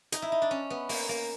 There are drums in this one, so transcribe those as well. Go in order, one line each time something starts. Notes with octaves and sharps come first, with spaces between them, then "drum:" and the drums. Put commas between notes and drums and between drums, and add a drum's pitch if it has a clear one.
D#4, drum: hi-hat
E4
D#4
D4
C#4
B3
A#3, drum: open hi-hat
A#3